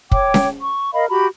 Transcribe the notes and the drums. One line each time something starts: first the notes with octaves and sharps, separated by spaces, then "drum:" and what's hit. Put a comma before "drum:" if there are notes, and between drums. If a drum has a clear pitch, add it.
C#5 G5 D6, drum: kick
drum: snare C#4
C#6
A#4 D#5 F5 B5
F#4 G4 A#5 B5